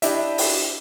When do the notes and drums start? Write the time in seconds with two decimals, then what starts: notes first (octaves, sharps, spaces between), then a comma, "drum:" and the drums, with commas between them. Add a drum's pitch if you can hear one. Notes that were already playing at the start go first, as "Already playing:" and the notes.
0.02 D4 E4 G4 D#5 E5, drum: hi-hat
0.38 drum: open hi-hat